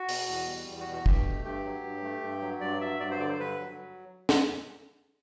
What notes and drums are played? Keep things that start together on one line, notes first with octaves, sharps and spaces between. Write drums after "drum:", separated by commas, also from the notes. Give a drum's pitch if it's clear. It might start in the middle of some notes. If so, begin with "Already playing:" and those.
Already playing: F#4
B2, drum: open hi-hat
E2
G3
E2
F#4
B2
F#4
G2 G4, drum: kick
A3
G2 G4
F#3
G2
A3
G2
F#3
G2 D5
F#3 E5
G2 D5
C5
D3 D5
C5
G2 B4
F#3
drum: snare